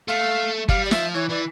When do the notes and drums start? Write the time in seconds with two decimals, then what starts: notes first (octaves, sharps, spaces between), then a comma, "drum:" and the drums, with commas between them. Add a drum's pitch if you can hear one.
0.08 A3 F5
0.69 G3 F5, drum: kick G1
0.85 D5
0.91 F3 E5, drum: snare
1.14 E3 C#5
1.30 E3 D5